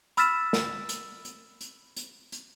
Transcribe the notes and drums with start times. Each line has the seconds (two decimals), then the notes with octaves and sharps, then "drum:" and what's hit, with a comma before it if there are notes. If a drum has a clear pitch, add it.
0.17 B5 E6 F6 A6 B6 E7, drum: hi-hat
0.53 drum: snare
0.89 drum: hi-hat
1.25 drum: hi-hat
1.61 drum: hi-hat
1.96 drum: hi-hat
2.32 drum: hi-hat